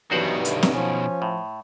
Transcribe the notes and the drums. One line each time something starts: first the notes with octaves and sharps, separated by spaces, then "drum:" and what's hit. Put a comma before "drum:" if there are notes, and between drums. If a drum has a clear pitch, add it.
G2 B2 D#3 E3 F#3 F#4 C5 F#5
D3 F#3 E4, drum: hi-hat
drum: snare C4
F3 C#4
A2